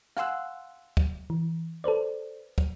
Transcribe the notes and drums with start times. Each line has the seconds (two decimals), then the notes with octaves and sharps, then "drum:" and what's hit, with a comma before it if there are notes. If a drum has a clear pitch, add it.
0.17 F5 F#5 G#5 C6 E6 F#6, drum: rim click
0.97 drum: kick
1.30 E3
1.84 A4 B4 C5 D5
2.58 drum: kick